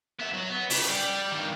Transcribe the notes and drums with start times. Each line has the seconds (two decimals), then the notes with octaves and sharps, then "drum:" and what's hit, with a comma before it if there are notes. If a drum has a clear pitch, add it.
0.19 B3 E5
0.33 F#3
0.50 B3
0.70 C#3, drum: open hi-hat
0.89 G3 G4
1.31 G2 D#3